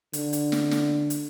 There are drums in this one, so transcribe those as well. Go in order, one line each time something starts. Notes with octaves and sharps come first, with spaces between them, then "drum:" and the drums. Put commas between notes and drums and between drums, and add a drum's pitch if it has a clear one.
D3, drum: hi-hat
drum: hi-hat
drum: snare
drum: snare
drum: hi-hat